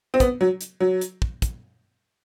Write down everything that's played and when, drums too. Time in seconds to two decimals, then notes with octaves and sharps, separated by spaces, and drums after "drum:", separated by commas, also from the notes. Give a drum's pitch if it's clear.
0.14 C4
0.20 B3, drum: kick, hi-hat
0.41 F#3
0.61 drum: hi-hat
0.80 F#3
1.01 drum: hi-hat
1.22 drum: kick
1.42 drum: kick, hi-hat